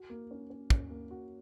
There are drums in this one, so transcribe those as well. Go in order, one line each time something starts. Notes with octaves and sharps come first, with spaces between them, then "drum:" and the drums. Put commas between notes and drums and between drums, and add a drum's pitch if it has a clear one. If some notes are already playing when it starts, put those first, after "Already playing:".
Already playing: F#4
A#3
C#4
C#4
C#4, drum: kick
A#3
F#4